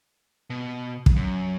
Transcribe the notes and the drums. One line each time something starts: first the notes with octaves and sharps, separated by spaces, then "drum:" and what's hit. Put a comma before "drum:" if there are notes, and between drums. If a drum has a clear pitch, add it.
B2
drum: kick
F#2